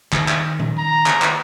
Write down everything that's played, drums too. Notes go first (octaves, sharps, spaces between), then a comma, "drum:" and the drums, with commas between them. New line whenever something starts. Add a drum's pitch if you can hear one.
D#3, drum: clap
drum: clap
drum: tom A#2
A#5
drum: clap
drum: clap